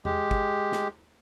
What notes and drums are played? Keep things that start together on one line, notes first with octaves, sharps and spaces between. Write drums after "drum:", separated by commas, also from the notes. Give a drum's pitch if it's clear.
G#3 G4, drum: tom E2
drum: kick
drum: snare